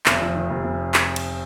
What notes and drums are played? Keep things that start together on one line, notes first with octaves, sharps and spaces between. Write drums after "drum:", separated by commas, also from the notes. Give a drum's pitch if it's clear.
F1, drum: clap
F2
D#3
F1
F1
drum: clap
drum: cymbal